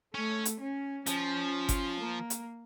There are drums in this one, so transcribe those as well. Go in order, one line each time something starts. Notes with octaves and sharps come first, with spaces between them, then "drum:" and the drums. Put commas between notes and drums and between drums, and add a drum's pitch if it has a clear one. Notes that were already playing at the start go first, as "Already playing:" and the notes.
A3 C#4
drum: hi-hat
C#4
F3 C#4, drum: hi-hat
drum: kick G1, hi-hat
A#3
drum: hi-hat